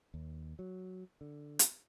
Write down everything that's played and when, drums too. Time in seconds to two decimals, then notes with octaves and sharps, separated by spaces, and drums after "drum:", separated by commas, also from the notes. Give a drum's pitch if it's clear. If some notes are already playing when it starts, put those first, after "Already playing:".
0.14 D#2
0.59 F#3
1.21 D3
1.59 drum: hi-hat